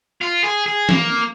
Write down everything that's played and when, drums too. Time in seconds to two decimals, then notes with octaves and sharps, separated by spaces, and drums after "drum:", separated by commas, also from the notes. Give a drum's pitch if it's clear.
0.21 F4
0.44 G#4
0.66 G#4
0.89 A#3, drum: tom